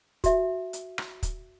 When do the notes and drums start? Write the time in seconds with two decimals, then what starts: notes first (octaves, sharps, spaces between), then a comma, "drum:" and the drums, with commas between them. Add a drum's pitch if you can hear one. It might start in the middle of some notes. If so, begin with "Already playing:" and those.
0.24 F#4 E5, drum: kick, hi-hat
0.73 drum: hi-hat
0.98 drum: rim click
1.23 drum: kick, hi-hat